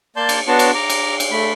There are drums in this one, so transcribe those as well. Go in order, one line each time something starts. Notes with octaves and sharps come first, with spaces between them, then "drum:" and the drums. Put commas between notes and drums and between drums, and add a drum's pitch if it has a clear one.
A#3 D5 A5 C6 G6
drum: cymbal
B3 D4 F#4 C#5 A5 C6
drum: cymbal
A#5 D6
drum: cymbal
drum: cymbal
A3 B5